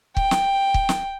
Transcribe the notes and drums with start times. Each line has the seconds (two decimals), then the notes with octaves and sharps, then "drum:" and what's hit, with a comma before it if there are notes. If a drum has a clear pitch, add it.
0.17 G5, drum: kick
0.31 drum: snare
0.74 drum: kick
0.89 drum: snare